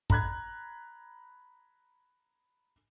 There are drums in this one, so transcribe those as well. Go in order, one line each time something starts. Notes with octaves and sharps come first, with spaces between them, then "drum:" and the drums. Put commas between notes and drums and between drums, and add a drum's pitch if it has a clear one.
A#5 B5 F#6 G#6, drum: kick